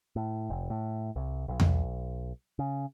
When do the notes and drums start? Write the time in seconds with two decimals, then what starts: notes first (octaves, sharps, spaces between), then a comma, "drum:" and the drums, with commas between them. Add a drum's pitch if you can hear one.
0.16 A2
0.50 F1
0.70 A2
1.16 C2
1.48 B1
1.60 drum: tom E2
2.59 C#3